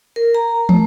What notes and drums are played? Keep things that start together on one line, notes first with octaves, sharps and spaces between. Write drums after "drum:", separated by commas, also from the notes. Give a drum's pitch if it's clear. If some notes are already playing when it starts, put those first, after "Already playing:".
A#4
A#5
A3, drum: tom